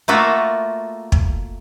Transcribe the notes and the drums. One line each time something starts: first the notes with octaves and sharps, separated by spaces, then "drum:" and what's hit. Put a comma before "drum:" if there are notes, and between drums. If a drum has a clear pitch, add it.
A3 A#3 F4 F#4 E5
drum: kick